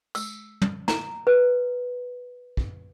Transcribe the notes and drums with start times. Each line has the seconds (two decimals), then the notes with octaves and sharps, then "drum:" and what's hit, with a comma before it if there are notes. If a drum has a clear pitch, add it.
0.15 E6, drum: tambourine
0.62 drum: tom
0.88 A#5, drum: snare
1.27 B4
2.57 drum: kick